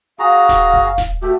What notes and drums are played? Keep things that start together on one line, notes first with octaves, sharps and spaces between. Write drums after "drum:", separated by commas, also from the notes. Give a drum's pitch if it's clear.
F#4 G#4 F5 A#5
drum: snare D#1
drum: kick F#1, hi-hat
drum: snare D#1
A3 F#4 G4, drum: hi-hat